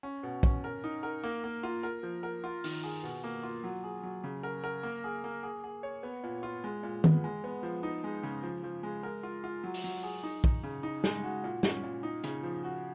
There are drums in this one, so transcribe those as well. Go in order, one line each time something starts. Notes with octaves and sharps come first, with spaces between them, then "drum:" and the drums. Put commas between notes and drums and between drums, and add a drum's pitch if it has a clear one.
C#4
B2
C#4, drum: kick
A#4
D#4
A#4
A#3
A#3
F4
A#4
F3
A#4
F4
D#3, drum: open hi-hat
G#4
B2
A#3
F4
F#3
G#4
F#3
C#3
A#4
A#4
A#3
G#4
A#3
G#4
G#4
C#5
B3
A#2
F4
G#3
A#2
B3, drum: tom D#3
G#3
B3
F3
D#4
G#3
C#3
F3
F3
G#3
A#4
F4
F4
F#3
drum: open hi-hat
F#3
G#4
D#4
D#4, drum: kick
C#3
D#4
G#3, drum: snare
F#4
A#2
C#4, drum: snare
A#2
D#4
C#3, drum: hi-hat
F3
F#4